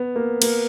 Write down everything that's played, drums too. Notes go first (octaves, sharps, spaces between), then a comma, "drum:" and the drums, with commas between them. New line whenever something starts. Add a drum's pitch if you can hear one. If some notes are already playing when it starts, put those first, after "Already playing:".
Already playing: B3
A#3
A#3, drum: cymbal